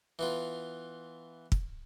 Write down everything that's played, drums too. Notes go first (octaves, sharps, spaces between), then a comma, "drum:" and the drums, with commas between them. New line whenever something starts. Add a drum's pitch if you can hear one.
E3 B3 F4
drum: kick